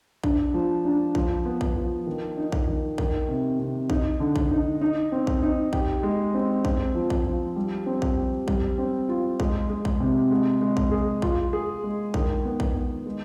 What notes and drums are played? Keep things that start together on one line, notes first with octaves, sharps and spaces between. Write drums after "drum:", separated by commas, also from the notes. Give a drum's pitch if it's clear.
D4, drum: kick A#1
F3
D4
F3, drum: kick A#1
B3
drum: kick A#1
F3
D#3
D#4
drum: kick A#1
D#3
D#3, drum: kick A#1
C3
C3
D#4, drum: kick A#1
D3
drum: kick A#1
D#4
D#4
C4
drum: kick A#1
D#4
G4, drum: kick A#1
G#3
C4
C4, drum: kick A#1
F3
drum: kick A#1
F3
G3
C4
drum: kick A#1
G4
G3, drum: kick A#1
C4
F4
G#3, drum: kick A#1
G#3
drum: kick A#1
C3
G#3
G#3
drum: kick A#1
G#4
F4, drum: kick A#1
G#4
G#3
D#3, drum: kick A#1
B3
drum: kick A#1
B3
G#3